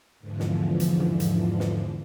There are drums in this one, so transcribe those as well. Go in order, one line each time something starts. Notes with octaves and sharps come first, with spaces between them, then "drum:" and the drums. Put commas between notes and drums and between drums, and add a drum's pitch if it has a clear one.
E2 G#2 D3 E3 F3
drum: snare
drum: hi-hat
drum: tom
drum: hi-hat
drum: snare